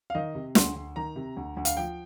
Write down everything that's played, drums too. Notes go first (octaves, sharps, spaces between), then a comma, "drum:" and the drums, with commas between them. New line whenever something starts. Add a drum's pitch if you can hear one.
F5
D#3 D#5
C3
D2 C6, drum: snare
D2
D#3 A#5
C3
D2
D2
F5, drum: hi-hat
F3 G5